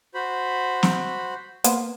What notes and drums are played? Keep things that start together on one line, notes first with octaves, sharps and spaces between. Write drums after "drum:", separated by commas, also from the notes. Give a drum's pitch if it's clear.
F#4 C5 B5
drum: snare
A#3 B3 C5, drum: hi-hat